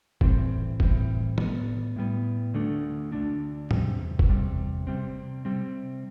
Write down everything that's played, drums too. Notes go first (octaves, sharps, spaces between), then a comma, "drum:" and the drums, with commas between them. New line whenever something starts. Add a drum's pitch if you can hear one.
A2 E3 G3 C4, drum: kick
A2 E3 G3 C4, drum: kick
A2 G3 B3, drum: tom
A2 G3 B3
D2 D3 A3 D4
D2 D3 A3 D4
E2 C3 G3, drum: tom G#2
drum: kick
E2 C3 G3
C3 G3 C4
C3 G3 C4